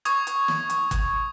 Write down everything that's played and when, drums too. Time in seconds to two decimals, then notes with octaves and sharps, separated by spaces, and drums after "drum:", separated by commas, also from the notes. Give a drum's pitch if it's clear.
0.05 C#6 D#6 G#6, drum: hi-hat
0.27 drum: hi-hat
0.48 drum: snare
0.70 drum: hi-hat
0.91 drum: kick, hi-hat